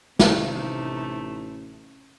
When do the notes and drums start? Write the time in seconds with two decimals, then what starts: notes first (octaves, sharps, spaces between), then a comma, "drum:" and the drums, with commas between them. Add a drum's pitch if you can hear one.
0.19 A1 C3 A3 D#4, drum: snare